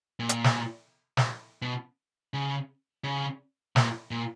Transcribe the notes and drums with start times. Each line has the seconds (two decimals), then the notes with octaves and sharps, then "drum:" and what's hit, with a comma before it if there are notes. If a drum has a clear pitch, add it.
0.20 A#2
0.29 drum: hi-hat
0.44 drum: snare
1.17 drum: snare
1.62 B2
2.34 C#3
3.04 C#3
3.76 A#2, drum: snare
4.11 A#2